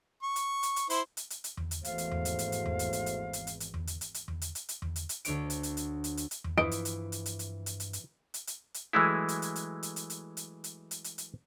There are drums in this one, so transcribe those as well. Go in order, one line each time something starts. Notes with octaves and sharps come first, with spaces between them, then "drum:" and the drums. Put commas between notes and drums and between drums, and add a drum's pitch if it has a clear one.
C#6
drum: hi-hat
drum: hi-hat
drum: hi-hat
E4 C5 C6, drum: hi-hat
drum: hi-hat
drum: hi-hat
drum: hi-hat
drum: tom E2
drum: hi-hat
G#1 E2 A3 F#4 C5 F5, drum: hi-hat
drum: hi-hat
drum: tom E2
drum: hi-hat
drum: hi-hat
drum: hi-hat
drum: tom E2
drum: hi-hat
drum: hi-hat
drum: hi-hat
drum: hi-hat
drum: hi-hat
drum: hi-hat
drum: tom E2
drum: hi-hat
drum: hi-hat
drum: hi-hat
drum: tom E2
drum: hi-hat
drum: hi-hat
drum: hi-hat
drum: tom E2
drum: hi-hat
drum: hi-hat
D2 D4 C#5 D7, drum: hi-hat
drum: hi-hat
drum: hi-hat
drum: hi-hat
drum: hi-hat
drum: hi-hat
drum: hi-hat
drum: tom E2
G2 E3 F3 E4 D#5 D7
drum: hi-hat
drum: hi-hat
drum: hi-hat
drum: hi-hat
drum: hi-hat
drum: hi-hat
drum: hi-hat
drum: hi-hat
drum: hi-hat
drum: hi-hat
drum: hi-hat
E3 F#3 G#3 A3 E4
drum: hi-hat
drum: hi-hat
drum: hi-hat
drum: hi-hat
drum: hi-hat
drum: hi-hat
drum: hi-hat
drum: hi-hat
drum: hi-hat
drum: hi-hat
drum: hi-hat